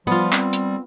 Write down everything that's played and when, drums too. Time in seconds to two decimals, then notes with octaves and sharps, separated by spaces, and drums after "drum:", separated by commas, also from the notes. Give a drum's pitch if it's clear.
0.07 F3 G3 B3 F4
0.32 C4, drum: clap
0.53 drum: hi-hat